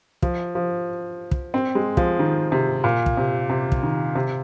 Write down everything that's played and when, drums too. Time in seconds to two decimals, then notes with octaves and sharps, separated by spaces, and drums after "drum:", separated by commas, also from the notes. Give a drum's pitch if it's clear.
0.23 F3, drum: kick
0.55 F3
1.31 drum: kick
1.54 C4
1.75 G#3
1.97 F3, drum: kick
2.19 D#3
2.52 C3
2.84 A#2
3.06 drum: kick
3.17 C3
3.50 C3
3.72 drum: kick
3.83 D#3
4.16 C3